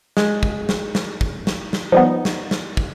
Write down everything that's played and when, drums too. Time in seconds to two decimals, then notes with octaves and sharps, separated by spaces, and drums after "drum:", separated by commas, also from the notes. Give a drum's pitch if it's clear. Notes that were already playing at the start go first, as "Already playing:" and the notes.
0.17 G#3, drum: snare
0.43 drum: kick
0.69 drum: snare
0.95 drum: snare
1.21 drum: kick
1.47 drum: snare
1.73 drum: snare
1.92 F3 G3 B3 D#4
2.25 drum: snare
2.51 drum: snare
2.77 drum: kick